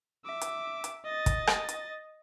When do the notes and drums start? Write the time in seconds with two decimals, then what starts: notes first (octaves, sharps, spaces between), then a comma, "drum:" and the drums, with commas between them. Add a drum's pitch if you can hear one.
0.25 E5 D6
0.41 drum: hi-hat
0.84 drum: hi-hat
1.05 D#5 A6
1.26 drum: kick, hi-hat
1.47 drum: rim click
1.69 drum: hi-hat